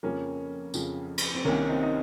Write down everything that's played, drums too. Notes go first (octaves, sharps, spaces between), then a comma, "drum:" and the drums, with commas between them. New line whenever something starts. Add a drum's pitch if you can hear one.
F2 C#3 F3 A#3 C#4
F2 C#3 F3, drum: tambourine
drum: cymbal
C4
C2 C3 D#3 A#3 C#4
C4 D#4
D#4